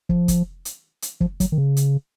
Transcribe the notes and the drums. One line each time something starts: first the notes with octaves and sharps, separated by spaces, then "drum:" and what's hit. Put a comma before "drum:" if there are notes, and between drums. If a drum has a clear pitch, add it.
F3, drum: kick
drum: kick, hi-hat
drum: hi-hat
drum: hi-hat
F3, drum: kick
F#3, drum: kick, hi-hat
D#3
C#3
drum: hi-hat